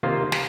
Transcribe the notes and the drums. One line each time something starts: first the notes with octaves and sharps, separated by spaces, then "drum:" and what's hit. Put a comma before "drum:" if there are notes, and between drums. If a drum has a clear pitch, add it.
C3 D#3 A#3 F4 C5
drum: snare